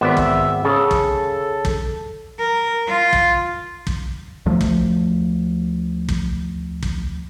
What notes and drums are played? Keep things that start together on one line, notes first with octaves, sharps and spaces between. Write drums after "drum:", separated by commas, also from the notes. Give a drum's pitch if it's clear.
G#1 B3 D5 E5
drum: kick
C#3 A4
drum: kick
drum: kick
A#4
F4
drum: kick
drum: kick
D2 F3 A3
drum: kick
drum: kick
drum: kick